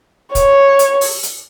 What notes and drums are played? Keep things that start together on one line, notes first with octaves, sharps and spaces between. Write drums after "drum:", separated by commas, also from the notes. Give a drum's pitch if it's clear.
C#5, drum: kick, hi-hat
drum: hi-hat
drum: open hi-hat
drum: hi-hat